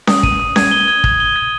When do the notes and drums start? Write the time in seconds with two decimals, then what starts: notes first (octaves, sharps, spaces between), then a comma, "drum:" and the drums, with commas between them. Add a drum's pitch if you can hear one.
0.07 D#6, drum: snare C#4
0.23 D#7, drum: kick
0.40 D#6
0.56 G#6, drum: snare C#4
0.71 G7
0.88 G#6
1.04 G#6, drum: kick
1.20 G7
1.36 G#6